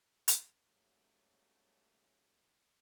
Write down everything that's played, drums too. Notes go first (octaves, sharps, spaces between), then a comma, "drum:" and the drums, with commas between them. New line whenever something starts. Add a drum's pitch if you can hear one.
drum: hi-hat
G#2 F#3 G3 A3 A#3 C#4